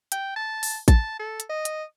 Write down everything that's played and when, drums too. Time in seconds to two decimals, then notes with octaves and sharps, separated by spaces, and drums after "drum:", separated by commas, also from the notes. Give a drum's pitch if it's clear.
0.12 G5, drum: hi-hat
0.36 A5
0.63 drum: open hi-hat
0.88 A5, drum: kick A1, hi-hat
1.19 A4
1.40 drum: hi-hat
1.49 D#5
1.65 drum: hi-hat